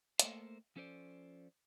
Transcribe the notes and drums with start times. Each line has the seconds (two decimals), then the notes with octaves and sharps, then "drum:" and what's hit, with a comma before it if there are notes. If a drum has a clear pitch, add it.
0.19 A3 A#3 A4 A#4 C5, drum: hi-hat
0.76 F3 C#4 A4 C5 D5